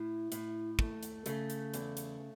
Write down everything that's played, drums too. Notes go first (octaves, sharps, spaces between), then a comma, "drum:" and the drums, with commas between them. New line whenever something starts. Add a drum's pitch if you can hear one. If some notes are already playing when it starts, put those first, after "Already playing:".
Already playing: A2 E4
A2, drum: hi-hat
A3, drum: kick
drum: hi-hat
C#3 A3 A4, drum: hi-hat
drum: hi-hat
E2, drum: hi-hat
drum: hi-hat